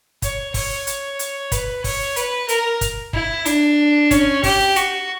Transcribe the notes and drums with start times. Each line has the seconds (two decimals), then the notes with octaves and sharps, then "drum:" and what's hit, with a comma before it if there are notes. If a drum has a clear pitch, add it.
0.22 C#5, drum: kick, hi-hat
0.54 C#5, drum: kick, open hi-hat
0.87 drum: hi-hat
1.19 drum: hi-hat
1.52 B4, drum: kick, hi-hat
1.84 C#5, drum: kick, open hi-hat
2.16 B4, drum: hi-hat
2.49 A#4, drum: hi-hat
2.81 drum: kick, hi-hat
3.13 E4, drum: kick
3.46 D4, drum: hi-hat
4.11 C#4, drum: kick, hi-hat
4.43 G4, drum: kick, open hi-hat
4.76 F#4, drum: hi-hat